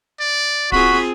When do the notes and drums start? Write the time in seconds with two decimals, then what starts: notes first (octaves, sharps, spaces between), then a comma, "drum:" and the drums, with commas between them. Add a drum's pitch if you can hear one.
0.20 D5
0.72 C4 F4 F#4 G#4 B5, drum: kick D1